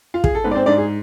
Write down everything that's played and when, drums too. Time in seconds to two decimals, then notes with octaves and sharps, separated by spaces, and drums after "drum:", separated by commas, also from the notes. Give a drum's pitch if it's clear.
0.14 F4
0.24 G#4, drum: kick
0.35 A4
0.44 G#2 B3 B4
0.51 D5
0.55 C4 C5
0.66 G#2 D4 D5
0.78 G#4